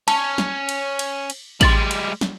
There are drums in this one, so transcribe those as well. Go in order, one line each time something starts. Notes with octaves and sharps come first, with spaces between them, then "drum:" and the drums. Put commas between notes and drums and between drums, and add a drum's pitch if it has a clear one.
C#4 A5, drum: cymbal
drum: snare
drum: cymbal
drum: cymbal
drum: cymbal
G3 G#3 C6 A6 F#7, drum: kick A1, cymbal
drum: cymbal
drum: snare